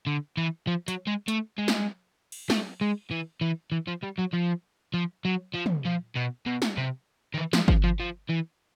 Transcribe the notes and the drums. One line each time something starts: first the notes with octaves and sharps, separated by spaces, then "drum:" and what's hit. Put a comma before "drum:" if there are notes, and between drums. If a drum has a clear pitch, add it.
D3
E3
F3
F#3, drum: hi-hat
G#3
A3, drum: hi-hat
G#3
drum: snare
drum: cymbal
A3, drum: snare
G#3
E3
E3
E3
F3
G3
F#3
F3
F3
F#3
F3
drum: tom
F3
B2
B2
drum: snare
C3
D#3
E3
F3, drum: snare
F3, drum: kick G1
F3
F3
E3